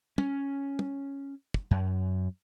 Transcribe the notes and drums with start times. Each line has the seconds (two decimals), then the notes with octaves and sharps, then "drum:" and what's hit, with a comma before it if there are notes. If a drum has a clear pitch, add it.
0.18 C#4, drum: tom
0.79 drum: tom
1.54 drum: kick
1.71 F#2